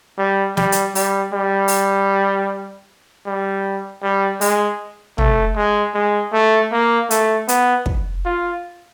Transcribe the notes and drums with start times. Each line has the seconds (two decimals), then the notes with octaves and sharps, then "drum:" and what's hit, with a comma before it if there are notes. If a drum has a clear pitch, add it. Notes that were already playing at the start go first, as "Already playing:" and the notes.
0.18 G3
0.57 G3, drum: snare
0.72 drum: hi-hat
0.95 G3, drum: open hi-hat
1.34 G3
1.68 drum: open hi-hat
3.26 G3
4.03 G3
4.41 G#3, drum: open hi-hat
5.18 A3, drum: tom
5.56 G#3
5.95 G#3
6.33 A3
6.73 A#3
7.11 A3, drum: hi-hat
7.48 B3, drum: hi-hat
7.86 drum: kick
8.25 F4